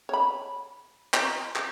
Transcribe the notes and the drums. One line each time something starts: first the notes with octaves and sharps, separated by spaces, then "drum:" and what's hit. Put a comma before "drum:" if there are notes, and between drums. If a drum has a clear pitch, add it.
C#5 B5
drum: clap
drum: clap